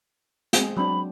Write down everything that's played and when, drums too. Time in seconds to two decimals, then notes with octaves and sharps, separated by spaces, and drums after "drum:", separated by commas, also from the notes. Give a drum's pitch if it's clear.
0.53 G#3 C4 G#4, drum: hi-hat
0.77 F#3 C4 D4 B5